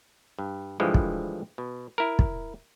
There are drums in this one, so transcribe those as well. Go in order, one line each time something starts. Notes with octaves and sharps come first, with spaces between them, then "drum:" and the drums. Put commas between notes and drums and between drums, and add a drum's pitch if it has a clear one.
G2
G2 D3 E3 F3 G#3
drum: kick
B2
E4 A#4
drum: kick